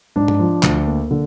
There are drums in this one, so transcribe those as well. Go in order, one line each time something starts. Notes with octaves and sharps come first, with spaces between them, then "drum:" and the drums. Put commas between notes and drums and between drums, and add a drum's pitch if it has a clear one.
G#2 D4
drum: tom G2
F3
D2, drum: clap
A#3
D3